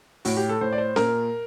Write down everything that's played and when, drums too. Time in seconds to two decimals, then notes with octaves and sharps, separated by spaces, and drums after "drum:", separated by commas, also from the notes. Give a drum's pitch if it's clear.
0.25 A2 F#4, drum: open hi-hat
0.37 G4
0.49 A4
0.61 A2 C5
0.73 D5
0.78 C5
0.96 A#2 A#4, drum: snare C#4